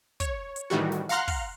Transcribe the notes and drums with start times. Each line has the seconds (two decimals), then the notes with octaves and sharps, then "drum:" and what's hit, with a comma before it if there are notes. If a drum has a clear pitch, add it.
0.20 C#5, drum: kick, hi-hat
0.56 drum: hi-hat
0.70 A2 D#3 E3 G3 F#4
0.92 drum: snare
1.09 F5 F#5 A#5 C6 F6 F#6
1.28 drum: kick, open hi-hat